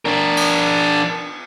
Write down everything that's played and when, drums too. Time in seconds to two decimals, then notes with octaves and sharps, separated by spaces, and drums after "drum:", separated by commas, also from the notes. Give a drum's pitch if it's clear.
0.05 D4 A#4
0.37 drum: cymbal